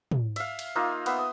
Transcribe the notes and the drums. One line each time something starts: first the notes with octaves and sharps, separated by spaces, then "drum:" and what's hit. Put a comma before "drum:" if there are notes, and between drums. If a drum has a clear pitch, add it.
drum: tom
E5 F5, drum: cymbal
drum: cymbal
A#3 D#4 F4 E6
B3 E5, drum: cymbal
D#6